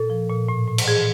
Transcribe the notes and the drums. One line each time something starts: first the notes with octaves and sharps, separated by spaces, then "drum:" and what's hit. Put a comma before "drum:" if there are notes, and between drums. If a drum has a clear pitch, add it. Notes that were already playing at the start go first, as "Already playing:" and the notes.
Already playing: A#2 A4
F3
A#2
A2
A2
drum: cymbal
E3 G#4